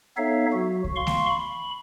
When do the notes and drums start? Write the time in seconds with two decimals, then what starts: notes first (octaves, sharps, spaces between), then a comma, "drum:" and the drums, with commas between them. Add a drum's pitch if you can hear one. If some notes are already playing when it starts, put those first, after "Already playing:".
0.17 B3 D#4 A4 C#5 E5 F5
0.53 F#3 F#4
0.84 drum: kick C#2
0.96 F5 C6 C#6
1.07 drum: snare A3
1.29 B5